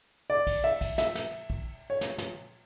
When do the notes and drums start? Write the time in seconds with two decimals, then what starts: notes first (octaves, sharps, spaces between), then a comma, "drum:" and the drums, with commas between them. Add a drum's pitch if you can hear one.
0.30 D5
0.47 drum: kick, cymbal
0.64 E5
0.81 drum: kick, cymbal
0.98 E5, drum: snare
1.15 drum: snare
1.50 drum: kick
1.90 C#5
2.01 drum: snare
2.18 drum: snare